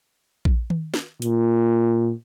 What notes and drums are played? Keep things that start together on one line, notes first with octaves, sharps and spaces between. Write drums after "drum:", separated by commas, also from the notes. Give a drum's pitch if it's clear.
drum: kick A#1
drum: tom D#3
drum: snare
A#2, drum: hi-hat